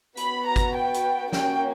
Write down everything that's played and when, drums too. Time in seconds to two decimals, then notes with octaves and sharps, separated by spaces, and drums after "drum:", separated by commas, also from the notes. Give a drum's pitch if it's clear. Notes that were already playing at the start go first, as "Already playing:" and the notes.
0.17 B3 F#4 B5, drum: hi-hat
0.46 A#5
0.56 drum: kick G1, hi-hat
0.76 G5
0.94 drum: hi-hat
1.33 A#3 C#4 F#4 G5, drum: snare